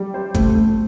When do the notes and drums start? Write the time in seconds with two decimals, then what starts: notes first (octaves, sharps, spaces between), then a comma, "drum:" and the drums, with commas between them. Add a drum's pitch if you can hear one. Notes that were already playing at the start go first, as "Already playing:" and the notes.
Already playing: G3
0.14 C5
0.34 A3, drum: kick, hi-hat
0.55 A3